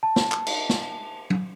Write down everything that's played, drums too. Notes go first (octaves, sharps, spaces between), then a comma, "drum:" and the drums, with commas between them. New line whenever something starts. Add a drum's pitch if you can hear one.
A5
drum: snare
drum: clap
drum: cymbal
drum: snare
drum: tom